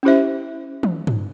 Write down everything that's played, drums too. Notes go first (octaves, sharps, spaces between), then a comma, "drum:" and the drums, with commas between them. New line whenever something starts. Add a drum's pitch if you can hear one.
C#4 E4 G4 C5 E5
drum: tom
drum: tom